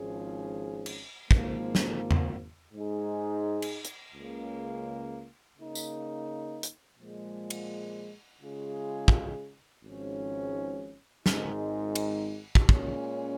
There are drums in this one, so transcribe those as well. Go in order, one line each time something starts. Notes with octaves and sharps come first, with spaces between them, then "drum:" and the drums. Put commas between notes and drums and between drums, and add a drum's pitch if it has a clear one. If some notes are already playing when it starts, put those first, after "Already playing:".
Already playing: G#1 G#2 F3 C#4 G#4
drum: cymbal
G#1 G#2 F3 A#3, drum: kick
drum: snare
drum: tom E2
G#2 G#3 D#4 G#4
drum: cymbal
drum: hi-hat
C#2 C#3 A#3
C#3 A#3 D#4
drum: tambourine
drum: hi-hat
A#2 F3 G#3
drum: cymbal
C#3 G#3 F4 G#4
drum: kick
G#1 G#2 F3 C#4
G#1 G#2 D#3 G#3 D#4, drum: snare
drum: cymbal
drum: kick
A#2 G#3 C#4, drum: kick